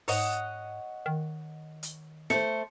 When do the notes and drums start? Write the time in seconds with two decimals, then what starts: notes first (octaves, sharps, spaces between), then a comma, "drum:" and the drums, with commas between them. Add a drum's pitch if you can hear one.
0.08 G#2 C#5 D#5 F#5, drum: open hi-hat
1.06 D#3
1.83 drum: hi-hat
2.30 A3 C5 C#7, drum: snare